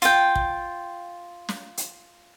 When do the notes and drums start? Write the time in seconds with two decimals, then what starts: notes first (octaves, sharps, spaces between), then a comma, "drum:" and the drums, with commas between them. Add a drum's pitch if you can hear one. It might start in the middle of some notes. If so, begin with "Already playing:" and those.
0.02 F4 G5, drum: hi-hat
0.36 drum: kick
1.49 drum: snare
1.77 drum: hi-hat